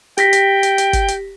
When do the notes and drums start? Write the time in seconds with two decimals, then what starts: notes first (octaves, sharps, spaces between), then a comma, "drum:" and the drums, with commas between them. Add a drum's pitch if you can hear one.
0.18 G4 G5 A#6 B6, drum: hi-hat
0.33 drum: hi-hat
0.63 drum: hi-hat
0.78 drum: hi-hat
0.93 drum: kick G1, hi-hat
1.08 drum: hi-hat